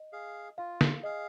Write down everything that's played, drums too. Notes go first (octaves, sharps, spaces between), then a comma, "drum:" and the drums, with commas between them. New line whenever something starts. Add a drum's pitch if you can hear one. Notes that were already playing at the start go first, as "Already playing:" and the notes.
Already playing: D#5
G#4 F5
F4 F5
drum: snare
G#4 D#5 F5